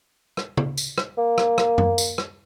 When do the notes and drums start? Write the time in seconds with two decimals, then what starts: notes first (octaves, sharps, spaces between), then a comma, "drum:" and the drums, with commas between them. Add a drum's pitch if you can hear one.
0.37 drum: rim click
0.57 drum: tom C#3
0.77 drum: tambourine
0.98 drum: rim click
1.18 A#3
1.38 drum: rim click
1.58 drum: rim click
1.78 drum: tom F#2
1.98 drum: tambourine
2.18 drum: rim click